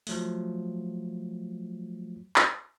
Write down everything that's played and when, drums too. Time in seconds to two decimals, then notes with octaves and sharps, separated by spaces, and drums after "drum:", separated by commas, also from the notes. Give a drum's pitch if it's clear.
0.07 F3 F#3 A3, drum: open hi-hat
2.36 drum: clap